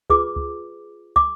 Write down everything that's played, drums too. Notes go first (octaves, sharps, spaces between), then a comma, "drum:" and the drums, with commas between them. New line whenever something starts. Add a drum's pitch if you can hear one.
F4 G#4 B4 D6, drum: kick
drum: kick
D6, drum: kick